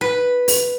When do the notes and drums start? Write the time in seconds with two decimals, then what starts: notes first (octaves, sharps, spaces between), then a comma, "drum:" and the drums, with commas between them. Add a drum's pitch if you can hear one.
0.01 B4
0.48 drum: open hi-hat